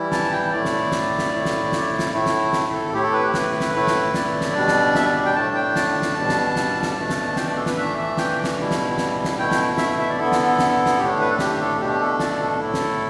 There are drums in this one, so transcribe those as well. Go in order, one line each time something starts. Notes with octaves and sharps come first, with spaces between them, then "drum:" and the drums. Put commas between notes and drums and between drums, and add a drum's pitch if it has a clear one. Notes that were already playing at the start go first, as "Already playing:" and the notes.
Already playing: E3 G3 E4
A5, drum: snare
G5
A2 A3 E4 D5
drum: snare
drum: snare
drum: snare
A2 A3 E4
drum: snare
drum: snare
drum: snare
A2 A3 E4
drum: snare
drum: snare
A4
A2 A3 E4 G4
A4
B4
G4
B4, drum: snare
drum: snare
A2 A3 E4
drum: snare
D5, drum: snare
drum: snare
B2 G3 D4
drum: snare
E5, drum: snare
D5
G5
A2 A3 D4 A5
G5
A5, drum: snare
drum: snare
B2 G3 D4
drum: snare
drum: snare
drum: snare
B2 A3 D4
drum: snare
G5, drum: snare
D5
A4
B4, drum: snare
E3 A3 D4 E5
E5
G5, drum: snare
drum: snare
B2 G3 E4
drum: snare
drum: snare
drum: snare
B2 A3 E4 G5
drum: snare
E5, drum: snare
E5
E5
D5
D3 B3 E4 A4
drum: snare
drum: snare
drum: snare
A2 A3 D4 G4
B4
A4
G4, drum: snare
A4
B2 A3 D4 G4
A4
D5, drum: snare
A4
A2 A3 E4
drum: snare